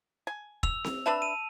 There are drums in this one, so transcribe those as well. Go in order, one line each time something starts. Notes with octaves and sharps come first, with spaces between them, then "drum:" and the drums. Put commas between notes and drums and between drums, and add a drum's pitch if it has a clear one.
G#5
E6 F7, drum: kick E1
drum: snare C4
D4 B4 E5 A5
D#7